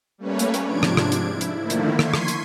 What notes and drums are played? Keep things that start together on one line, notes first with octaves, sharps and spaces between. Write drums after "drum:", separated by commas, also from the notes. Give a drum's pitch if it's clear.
G3 A3 A#3 C#4 B4 C#5
drum: hi-hat
drum: hi-hat
G#2 C3 F3 D4 G#6 D7
drum: rim click
drum: rim click
drum: hi-hat
E4
drum: hi-hat
D3 D#3 F3 A3 A#3 E4
drum: hi-hat
C6 C#6 G#6 B6 C7 D#7, drum: rim click
drum: rim click
drum: hi-hat